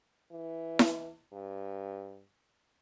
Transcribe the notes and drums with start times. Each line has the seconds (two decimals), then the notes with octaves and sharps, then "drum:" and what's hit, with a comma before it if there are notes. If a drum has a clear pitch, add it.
0.31 E3
0.79 drum: snare E4
1.33 G2